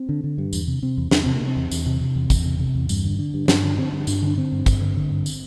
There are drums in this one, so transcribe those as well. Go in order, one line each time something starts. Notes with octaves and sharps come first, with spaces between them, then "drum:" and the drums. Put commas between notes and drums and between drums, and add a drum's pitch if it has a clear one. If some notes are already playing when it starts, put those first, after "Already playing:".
Already playing: C4
D3
D3
G2
E2, drum: tambourine
C3
C3 C4
E2
E2 D4, drum: snare
C3 C4
A#3
C3
C4
E2
E2, drum: tambourine
C3
C3
E2
E2, drum: kick, tambourine
C3
C3
E2
G2, drum: tambourine
D3
D3
G2
G2 D4, drum: snare
D3
D3 C4
G2
G2 D4, drum: tambourine
D3 D4
D3 C4
G2
G2, drum: kick, tambourine
D3
D3
G2
drum: tambourine